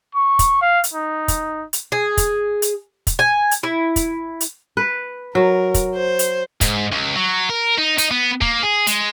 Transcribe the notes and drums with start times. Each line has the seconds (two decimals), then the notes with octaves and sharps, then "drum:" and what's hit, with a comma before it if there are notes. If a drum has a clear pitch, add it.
0.15 C#6
0.39 drum: kick, hi-hat
0.61 F5
0.84 drum: hi-hat
0.94 D#4
1.28 drum: kick, hi-hat
1.73 drum: hi-hat
1.92 G#4
2.17 drum: kick, hi-hat
2.62 drum: hi-hat
3.07 drum: kick, hi-hat
3.19 G#5
3.51 drum: hi-hat
3.63 E4
3.96 drum: kick, hi-hat
4.41 drum: hi-hat
4.77 B4
5.35 F#3 A#4
5.74 drum: kick, hi-hat
5.95 C5
6.19 drum: hi-hat
6.61 G#2, drum: kick, hi-hat
6.92 C#2
7.16 F#3
7.49 A#4
7.78 D#4
7.98 D#4, drum: hi-hat
8.11 B3
8.41 A#3, drum: kick
8.63 G#4
8.87 G#3, drum: hi-hat